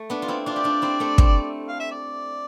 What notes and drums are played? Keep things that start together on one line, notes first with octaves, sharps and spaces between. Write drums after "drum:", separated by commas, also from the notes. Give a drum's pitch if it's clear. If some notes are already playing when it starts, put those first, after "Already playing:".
Already playing: A3
B3 D4
F4
C4 E4
D4 F4 D5
G4
D4 F4
C4 E4
A3 C4
A3 C4, drum: kick
F5
E5
D5